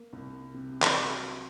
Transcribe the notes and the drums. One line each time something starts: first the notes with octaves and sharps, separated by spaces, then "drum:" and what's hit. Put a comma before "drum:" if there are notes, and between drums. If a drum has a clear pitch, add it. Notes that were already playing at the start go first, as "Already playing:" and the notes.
Already playing: A#3
C2
C3
drum: clap
F#3